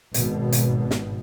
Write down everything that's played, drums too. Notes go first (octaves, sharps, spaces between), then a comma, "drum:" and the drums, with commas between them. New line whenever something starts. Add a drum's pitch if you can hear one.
G#1 B2, drum: hi-hat
drum: hi-hat
drum: snare